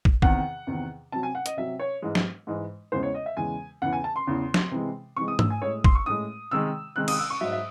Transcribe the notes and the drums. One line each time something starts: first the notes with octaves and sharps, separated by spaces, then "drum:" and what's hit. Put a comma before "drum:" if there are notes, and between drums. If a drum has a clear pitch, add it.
drum: kick
E2 C3 D#3 F#5, drum: kick
E2 C3 D#3
C3 F#3 A5
G#5
F#5
D#5, drum: hi-hat
C3 F#3 E5
C#5
G#2 E3 G#3
drum: snare
G#2 E3 G#3
E2 C#3 E3 G#3 C5
C#5
D#5
E5
E2 C#3 E3 G#3 G#5
E2 C#3 E3 F#5
G#5
A5
C6
E2 C#3 E3
drum: snare
C3 E3 G#3
C3 E3 G#3 C#6
D#6
E6, drum: tom G#2
G#5
A2 G#3 C#5
C6, drum: kick
C#6
A2 G#3 D#6
C3 D#3 G#3 E6
C3 D#3 G#3 F#6
D#6, drum: cymbal
E6
C#6
G#2 F#3 E5
E5